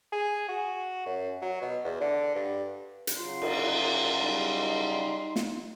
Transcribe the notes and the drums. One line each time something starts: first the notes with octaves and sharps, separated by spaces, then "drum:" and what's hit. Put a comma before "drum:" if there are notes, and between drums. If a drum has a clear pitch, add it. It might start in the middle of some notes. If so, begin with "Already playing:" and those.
G#4
F#4
F#2
F#3
B2
E2
D3
G2
drum: hi-hat
C#3 F#3 F4 C6
drum: cymbal
G3 D#4 D#5
drum: snare